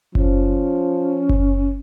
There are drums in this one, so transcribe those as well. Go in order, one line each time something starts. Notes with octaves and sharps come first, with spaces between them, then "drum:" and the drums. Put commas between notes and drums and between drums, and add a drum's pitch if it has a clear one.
F3 C#4, drum: kick F#1
drum: kick F#1